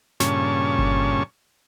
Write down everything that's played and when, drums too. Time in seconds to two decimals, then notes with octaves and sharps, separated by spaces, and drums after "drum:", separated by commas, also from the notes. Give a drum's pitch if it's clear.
0.20 G2 A#2 C#3 C#4 A5 C#6, drum: snare
0.79 drum: kick G1